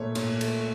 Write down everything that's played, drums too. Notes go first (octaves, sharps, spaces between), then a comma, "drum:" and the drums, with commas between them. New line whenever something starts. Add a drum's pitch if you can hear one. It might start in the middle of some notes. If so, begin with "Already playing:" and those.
Already playing: A#2 A3 C#5
A#2, drum: cymbal
A3, drum: cymbal